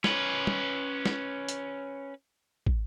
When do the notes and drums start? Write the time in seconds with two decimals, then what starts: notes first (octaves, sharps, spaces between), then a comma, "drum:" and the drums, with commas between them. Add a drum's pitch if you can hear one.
0.04 C#4 B4, drum: snare
0.47 drum: tom
1.06 drum: snare
1.49 drum: hi-hat
2.66 drum: kick